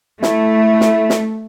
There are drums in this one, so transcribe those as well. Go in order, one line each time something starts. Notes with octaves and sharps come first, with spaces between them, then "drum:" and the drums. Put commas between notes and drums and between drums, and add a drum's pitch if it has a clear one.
A3 E4, drum: snare
drum: snare
drum: snare